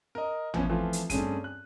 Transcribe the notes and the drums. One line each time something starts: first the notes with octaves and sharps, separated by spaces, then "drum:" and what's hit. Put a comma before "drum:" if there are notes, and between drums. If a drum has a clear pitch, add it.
A#4 D#5
E3 F3 B3 C#4, drum: tom
E3 F3 A3 C4 F4
drum: hi-hat
G2 A3 C4 C#4 G#4 D#7, drum: kick, hi-hat
F#6